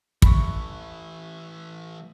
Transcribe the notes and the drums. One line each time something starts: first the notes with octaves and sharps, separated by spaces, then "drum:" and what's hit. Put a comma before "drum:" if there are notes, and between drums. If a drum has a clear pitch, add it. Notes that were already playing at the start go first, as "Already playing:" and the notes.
E3 A3 B5 C#6, drum: kick